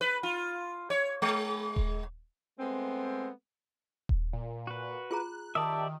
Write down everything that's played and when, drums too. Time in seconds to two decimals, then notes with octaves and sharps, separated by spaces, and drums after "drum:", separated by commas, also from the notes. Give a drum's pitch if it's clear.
0.01 B4
0.23 F4
0.90 C#5
1.22 G#3
1.76 drum: kick D#1
2.58 G#3 A3 B3 C4
4.09 drum: kick D#1
4.33 A#2
4.67 F#4 B4
5.11 F4 G#4 A#5 F#6
5.55 D#3 G4 D5 E5 A5 D#6